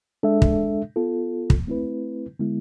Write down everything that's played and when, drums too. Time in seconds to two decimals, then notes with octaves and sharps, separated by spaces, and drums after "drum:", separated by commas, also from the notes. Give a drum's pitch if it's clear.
0.23 G#3 D4 A4 E5
0.42 drum: kick
0.96 B3 F4 A4
1.50 drum: kick
1.67 A3 C4 E4 B4
2.39 D3 G#3 B3 E4